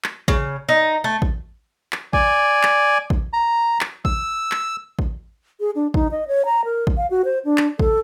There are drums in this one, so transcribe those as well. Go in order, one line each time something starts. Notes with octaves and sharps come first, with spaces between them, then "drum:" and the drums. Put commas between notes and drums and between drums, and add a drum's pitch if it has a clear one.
drum: clap
C#3, drum: kick A1
D#4
A3
drum: kick A1
drum: clap
D5 G#5, drum: kick A1
drum: clap
drum: kick A1
A#5
drum: clap
E6, drum: kick A1
drum: clap
drum: kick A1
G#4
D4
D#4, drum: kick A1
D#5
C#5
A#5
A#4
drum: kick A1
F5
F#4
C5
D4
drum: clap
A4, drum: kick A1